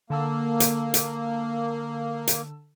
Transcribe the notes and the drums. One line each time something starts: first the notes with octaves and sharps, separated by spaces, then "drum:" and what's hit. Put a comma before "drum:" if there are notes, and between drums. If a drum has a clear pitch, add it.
D3 A#3 A5 E6
drum: hi-hat
drum: hi-hat
drum: hi-hat